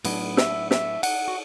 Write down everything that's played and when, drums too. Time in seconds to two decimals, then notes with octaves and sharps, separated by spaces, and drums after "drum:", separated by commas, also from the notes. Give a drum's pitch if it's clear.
0.05 A2 F#3 B3 D4, drum: cymbal
0.37 E5, drum: snare
0.71 E5, drum: snare
1.03 F#5, drum: cymbal
1.28 F#4